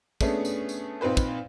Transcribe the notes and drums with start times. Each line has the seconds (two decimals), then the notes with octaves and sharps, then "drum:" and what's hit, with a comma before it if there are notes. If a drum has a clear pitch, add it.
0.21 A3 B3 C#4 D4 G#4, drum: kick, tambourine
0.45 drum: tambourine
0.69 drum: tambourine
1.01 A#2 C4 D#4 B4 C5
1.17 drum: kick, tambourine